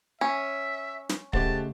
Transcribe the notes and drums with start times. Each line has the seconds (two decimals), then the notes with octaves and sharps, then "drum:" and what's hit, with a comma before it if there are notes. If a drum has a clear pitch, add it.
0.21 C#4 E5
1.09 drum: snare
1.33 C#3 G#3 A3 G4 C5 F#5 A5, drum: kick